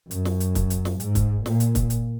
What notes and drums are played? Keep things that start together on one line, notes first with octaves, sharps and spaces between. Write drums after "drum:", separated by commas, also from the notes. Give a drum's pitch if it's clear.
F#2, drum: hi-hat
drum: snare
drum: hi-hat
drum: kick, hi-hat
drum: hi-hat
drum: snare
G#2, drum: hi-hat
drum: kick, hi-hat
A#2, drum: snare
drum: hi-hat
drum: kick, hi-hat
drum: hi-hat